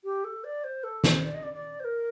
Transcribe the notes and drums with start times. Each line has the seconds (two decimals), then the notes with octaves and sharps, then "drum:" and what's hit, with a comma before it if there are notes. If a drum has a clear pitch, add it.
0.04 G4
0.24 A4
0.44 D5
0.64 C5
0.83 A4
1.04 C5, drum: snare
1.24 D5
1.34 D#5
1.43 D5
1.53 D5
1.79 C5
1.84 A#4